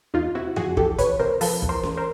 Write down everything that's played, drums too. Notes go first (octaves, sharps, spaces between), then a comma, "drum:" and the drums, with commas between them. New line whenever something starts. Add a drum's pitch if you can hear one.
E2 D#4 F4
C3 E4 F#4
F3 F#4 G#4, drum: tom F2
E2 G4 A4, drum: kick
E2 B4 C#5, drum: kick, hi-hat
C3 A#4 C5
F3 A4 B4, drum: open hi-hat
E2, drum: kick
A#4 C5
E2, drum: snare C#4
A#4 C5